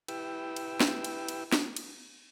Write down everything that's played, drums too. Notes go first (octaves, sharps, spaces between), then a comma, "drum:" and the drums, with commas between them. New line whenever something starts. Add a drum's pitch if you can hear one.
E4 G4 B4 G5 E6, drum: cymbal
drum: cymbal
drum: snare
drum: cymbal
drum: cymbal
drum: snare
drum: cymbal